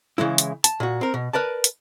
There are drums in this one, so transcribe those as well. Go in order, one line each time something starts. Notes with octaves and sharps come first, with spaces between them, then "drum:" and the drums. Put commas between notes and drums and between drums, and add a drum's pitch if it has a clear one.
C#3 E3 G#3 E4
drum: hi-hat
A5, drum: hi-hat
A#2 F#4
C4 A#4
B2
A#4 B4 D5 A5
drum: hi-hat